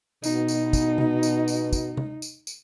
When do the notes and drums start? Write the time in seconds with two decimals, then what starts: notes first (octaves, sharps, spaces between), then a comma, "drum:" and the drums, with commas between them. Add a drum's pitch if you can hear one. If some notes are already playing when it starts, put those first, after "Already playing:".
0.24 B2 D#4, drum: tambourine
0.48 drum: tambourine
0.73 drum: kick, tambourine
0.98 drum: tom C3
1.23 drum: tambourine
1.48 drum: tambourine
1.73 drum: kick, tambourine
1.97 drum: tom C3
2.22 drum: tambourine
2.47 drum: tambourine